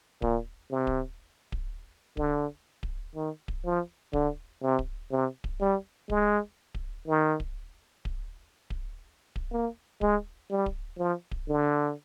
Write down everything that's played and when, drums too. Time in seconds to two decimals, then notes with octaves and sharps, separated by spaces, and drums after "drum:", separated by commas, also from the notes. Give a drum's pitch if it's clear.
0.22 A#2, drum: kick D1
0.71 C3
0.87 drum: kick D1
1.52 drum: kick D1
2.17 D3, drum: kick D1
2.83 drum: kick D1
3.15 D#3
3.48 drum: kick D1
3.65 F3
4.13 D3, drum: kick D1
4.62 C3
4.79 drum: kick D1
5.11 C3
5.44 drum: kick D1
5.60 G3
6.10 G#3, drum: kick D1
6.75 drum: kick D1
7.07 D#3
7.40 drum: kick D1
8.05 drum: kick D1
8.70 drum: kick D1
9.36 drum: kick D1
9.52 A#3
10.01 G#3, drum: kick D1
10.50 G3
10.66 drum: kick D1
10.98 F3
11.31 drum: kick D1
11.48 D3